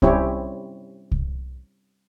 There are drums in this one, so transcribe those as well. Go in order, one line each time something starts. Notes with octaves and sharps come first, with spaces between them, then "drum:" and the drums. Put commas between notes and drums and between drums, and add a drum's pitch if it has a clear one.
G3 C4 C#4 E4 G4 C#5, drum: kick C2
drum: kick C2